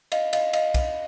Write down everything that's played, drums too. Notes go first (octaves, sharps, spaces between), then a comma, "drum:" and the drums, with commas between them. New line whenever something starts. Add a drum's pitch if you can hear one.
D#5 F5, drum: cymbal
D#5 F5, drum: cymbal
D#5 F5, drum: cymbal
drum: kick, cymbal